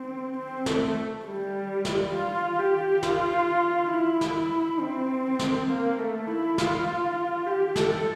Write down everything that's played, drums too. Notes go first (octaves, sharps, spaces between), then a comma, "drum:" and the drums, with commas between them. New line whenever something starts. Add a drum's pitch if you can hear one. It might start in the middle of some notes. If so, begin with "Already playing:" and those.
Already playing: C4
C4
A3, drum: snare
G3
drum: snare
F4
G4
F4, drum: snare
E4
drum: snare
C4
drum: snare
A#3
A3
E4
F4, drum: snare
G4
A4, drum: snare